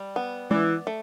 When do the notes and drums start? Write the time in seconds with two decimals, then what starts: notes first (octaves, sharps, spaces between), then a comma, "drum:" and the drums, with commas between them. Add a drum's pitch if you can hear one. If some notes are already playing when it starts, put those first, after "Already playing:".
Already playing: G3
0.16 B3
0.51 E3 D5, drum: tom G#3
0.87 A3